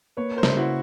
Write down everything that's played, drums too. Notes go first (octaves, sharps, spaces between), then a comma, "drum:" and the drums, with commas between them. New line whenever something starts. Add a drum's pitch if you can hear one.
A#3 B4 C#5
A#4 C5
C#3, drum: snare
E4 F#4